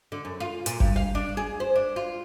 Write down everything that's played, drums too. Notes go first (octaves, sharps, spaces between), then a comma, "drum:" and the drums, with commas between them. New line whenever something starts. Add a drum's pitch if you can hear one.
D3
F#2
F4
A#2, drum: hi-hat
G2, drum: kick G1
F5
D4
G#4
C5
D4
F4